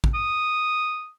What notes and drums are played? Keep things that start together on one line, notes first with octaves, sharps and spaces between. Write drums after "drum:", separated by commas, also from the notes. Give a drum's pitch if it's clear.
drum: kick
D#6